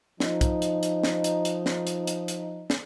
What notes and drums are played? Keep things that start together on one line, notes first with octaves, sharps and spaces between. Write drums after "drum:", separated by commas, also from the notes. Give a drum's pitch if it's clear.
F3 D#4, drum: snare
drum: kick, hi-hat
drum: hi-hat
drum: hi-hat
drum: snare
drum: hi-hat
drum: hi-hat
drum: snare
drum: hi-hat
drum: hi-hat
drum: hi-hat
drum: snare